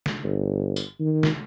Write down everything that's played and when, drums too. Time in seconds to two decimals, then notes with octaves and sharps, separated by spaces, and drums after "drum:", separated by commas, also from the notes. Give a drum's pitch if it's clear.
0.06 drum: snare
0.24 G1
0.76 drum: tambourine
1.00 D#3
1.23 drum: snare